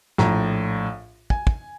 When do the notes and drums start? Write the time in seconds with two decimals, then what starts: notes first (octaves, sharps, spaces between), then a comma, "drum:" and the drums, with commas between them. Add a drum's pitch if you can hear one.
0.18 A#1 A2 A#5, drum: snare
1.30 G#5, drum: kick
1.47 drum: kick